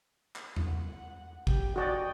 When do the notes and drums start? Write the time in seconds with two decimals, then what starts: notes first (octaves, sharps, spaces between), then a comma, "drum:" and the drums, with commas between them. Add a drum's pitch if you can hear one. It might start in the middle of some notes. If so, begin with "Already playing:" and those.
0.36 drum: clap
0.56 drum: tom E2
0.67 F#5
1.47 G4, drum: kick
1.76 F#4 D5 D#5 G5